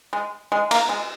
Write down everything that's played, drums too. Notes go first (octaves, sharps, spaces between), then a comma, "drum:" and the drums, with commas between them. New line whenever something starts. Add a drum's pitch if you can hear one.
G#3
G#3
A#3, drum: cymbal
G#3